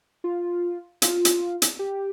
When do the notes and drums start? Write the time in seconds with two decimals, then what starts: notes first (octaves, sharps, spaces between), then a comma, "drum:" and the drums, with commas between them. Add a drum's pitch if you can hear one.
0.24 F4
1.02 F4, drum: hi-hat
1.25 drum: hi-hat
1.62 drum: hi-hat
1.79 G4